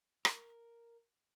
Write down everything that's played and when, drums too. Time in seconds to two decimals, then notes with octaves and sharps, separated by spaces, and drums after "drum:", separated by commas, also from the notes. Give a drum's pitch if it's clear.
0.25 A#4, drum: rim click